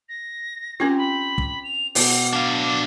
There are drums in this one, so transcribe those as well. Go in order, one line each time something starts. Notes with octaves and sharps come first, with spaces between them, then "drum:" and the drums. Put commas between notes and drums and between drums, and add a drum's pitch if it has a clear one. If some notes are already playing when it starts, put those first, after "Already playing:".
A#6
C4 C#4 F4 G4 A#4
B5
drum: kick
F7
B2 F#5 G5 D6, drum: open hi-hat
D4 F5